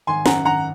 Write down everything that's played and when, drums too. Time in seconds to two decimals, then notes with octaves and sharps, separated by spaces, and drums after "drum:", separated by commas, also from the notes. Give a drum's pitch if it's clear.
0.07 G#1 G#5 C6
0.26 F#2 F#5 A#5, drum: snare
0.45 G#1 F#5 A#5